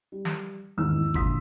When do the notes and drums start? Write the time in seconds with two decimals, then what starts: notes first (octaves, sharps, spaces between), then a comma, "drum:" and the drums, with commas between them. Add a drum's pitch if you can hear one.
0.12 G3
0.25 drum: snare
0.77 D#1 A#1 E2 G#2 D#3 E6
1.14 A#1 D3 A#3 C6 D#6 B6, drum: kick G#1